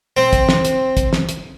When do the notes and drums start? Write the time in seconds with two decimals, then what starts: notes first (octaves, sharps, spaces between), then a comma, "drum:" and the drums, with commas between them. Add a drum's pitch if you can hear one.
0.17 C4
0.33 drum: kick, hi-hat
0.49 drum: snare
0.65 drum: hi-hat
0.97 drum: kick, hi-hat
1.13 drum: snare
1.29 drum: hi-hat